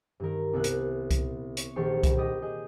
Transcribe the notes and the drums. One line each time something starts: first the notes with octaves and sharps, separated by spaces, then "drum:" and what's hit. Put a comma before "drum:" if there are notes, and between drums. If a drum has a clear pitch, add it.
G2 D#3 A#4
C2 B3 E5 F#6
drum: hi-hat
drum: kick C2, hi-hat
C#5, drum: hi-hat
A#1 D#3 G4 A4 C5 C#6
drum: kick C2, hi-hat
D5 D#5 G5 B5 D#6 A#6
G#4 D#5 G6